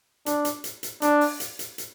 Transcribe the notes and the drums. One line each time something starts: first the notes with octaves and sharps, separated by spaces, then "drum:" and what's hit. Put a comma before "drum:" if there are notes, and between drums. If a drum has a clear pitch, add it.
D4, drum: hi-hat
drum: hi-hat
drum: hi-hat
drum: hi-hat
D4, drum: hi-hat
drum: open hi-hat
drum: hi-hat
drum: hi-hat
drum: hi-hat